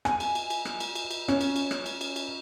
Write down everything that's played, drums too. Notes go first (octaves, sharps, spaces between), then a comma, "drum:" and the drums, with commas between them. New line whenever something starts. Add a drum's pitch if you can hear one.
G#5, drum: rim click
drum: cymbal
drum: cymbal
drum: cymbal
drum: rim click
drum: cymbal
drum: cymbal
drum: cymbal
C#4, drum: rim click
drum: cymbal
drum: cymbal
drum: rim click
drum: cymbal
drum: cymbal
drum: cymbal